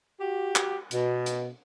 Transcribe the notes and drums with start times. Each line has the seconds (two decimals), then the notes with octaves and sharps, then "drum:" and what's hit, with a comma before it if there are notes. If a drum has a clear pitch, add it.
0.20 F#4 G4
0.56 drum: clap
0.91 B2, drum: hi-hat
1.26 drum: hi-hat